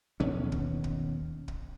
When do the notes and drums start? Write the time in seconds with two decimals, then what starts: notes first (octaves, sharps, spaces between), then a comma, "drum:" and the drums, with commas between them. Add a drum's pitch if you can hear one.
0.20 D#2 B2 C#4
0.52 drum: kick
0.84 drum: kick
1.48 drum: kick